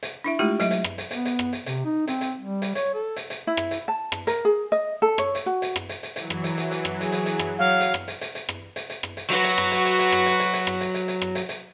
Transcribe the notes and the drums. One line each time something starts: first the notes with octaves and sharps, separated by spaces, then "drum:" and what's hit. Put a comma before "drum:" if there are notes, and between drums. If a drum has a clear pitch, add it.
drum: hi-hat
D4 E4 E5
G#3 A3 E4 F4 G4
F#3 D#5 E5, drum: hi-hat
drum: hi-hat
drum: rim click
drum: hi-hat
B3, drum: hi-hat
drum: hi-hat
drum: rim click
drum: hi-hat
C3, drum: hi-hat
D#4
C4, drum: hi-hat
drum: hi-hat
G3
drum: hi-hat
C#5, drum: hi-hat
A4
drum: hi-hat
drum: hi-hat
E4
drum: rim click
drum: hi-hat
A5
drum: rim click
A#4, drum: hi-hat
G#4
D#5
A4
C#5, drum: rim click
drum: hi-hat
F#4
drum: hi-hat
drum: rim click
drum: hi-hat
drum: hi-hat
E3 F#3, drum: hi-hat
drum: rim click
drum: hi-hat
drum: hi-hat
drum: hi-hat
drum: rim click
G#4, drum: hi-hat
drum: hi-hat
drum: hi-hat
drum: rim click
F#3 F5
drum: hi-hat
drum: rim click
drum: hi-hat
drum: hi-hat
drum: hi-hat
drum: rim click
drum: hi-hat
drum: hi-hat
drum: rim click
drum: hi-hat
F#3 F#4 B4, drum: hi-hat
drum: hi-hat
drum: rim click
drum: hi-hat
drum: hi-hat
drum: hi-hat
drum: rim click
drum: hi-hat
drum: hi-hat
drum: hi-hat
drum: rim click
drum: hi-hat
drum: hi-hat
drum: hi-hat
drum: rim click
drum: hi-hat
drum: hi-hat